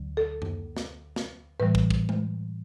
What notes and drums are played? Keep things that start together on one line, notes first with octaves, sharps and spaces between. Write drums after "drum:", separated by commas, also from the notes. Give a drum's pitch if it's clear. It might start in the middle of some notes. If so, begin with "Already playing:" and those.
Already playing: D2 D3 F#3
A4
drum: tom F#2
drum: snare
drum: snare
A2 E3 G3 B4
drum: kick
drum: kick
drum: tom G#3